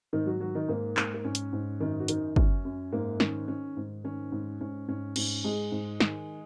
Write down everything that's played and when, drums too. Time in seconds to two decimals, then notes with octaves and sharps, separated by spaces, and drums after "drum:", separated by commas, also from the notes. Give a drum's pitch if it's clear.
0.13 G#2 D#3 D#4
0.26 F#3 F#4
0.40 D#3 F#3 F#4
0.55 D#3 D#4
0.68 G#2 A#3
0.97 G#2, drum: clap
1.14 A#3
1.24 G#2 C#4
1.35 drum: hi-hat
1.53 G#2
1.80 F#2 D#3 D#4
2.00 F#4
2.08 D#3 D#4, drum: hi-hat
2.36 F#2 C#4, drum: kick
2.65 F#2
2.92 G#2 A#3
3.20 D#3 C#4, drum: snare
3.48 D#3 C#4
3.77 G#2
4.04 D#3 C#4
4.32 G#2
4.60 G#2 C#4
4.88 G#2 C#4
5.16 G#2 C#4, drum: cymbal
5.44 G#2 G#3 G#4
5.72 G#2
6.00 D#3, drum: snare